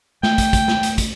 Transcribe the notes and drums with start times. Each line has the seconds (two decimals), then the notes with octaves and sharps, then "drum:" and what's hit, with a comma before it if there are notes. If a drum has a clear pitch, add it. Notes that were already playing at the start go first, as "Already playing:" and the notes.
0.23 A3 G5, drum: snare
0.38 drum: kick, hi-hat
0.53 drum: kick, hi-hat
0.68 drum: snare
0.83 drum: hi-hat
0.98 drum: kick, hi-hat